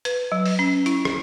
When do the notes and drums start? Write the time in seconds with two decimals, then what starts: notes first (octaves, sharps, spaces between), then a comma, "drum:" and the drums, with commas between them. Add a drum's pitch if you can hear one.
0.05 B4, drum: hi-hat
0.32 F#3
0.46 drum: open hi-hat
0.59 C#4
0.86 E4, drum: hi-hat
1.05 drum: rim click